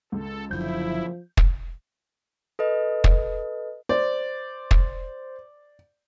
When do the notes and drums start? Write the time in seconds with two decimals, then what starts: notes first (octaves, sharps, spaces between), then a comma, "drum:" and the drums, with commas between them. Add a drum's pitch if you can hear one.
0.12 C#2 A4
0.51 F#1 F#2 D3 F3 E4 G6
1.37 drum: kick
2.59 A4 B4 D#5
3.04 drum: kick
3.89 C5 D5
4.71 drum: kick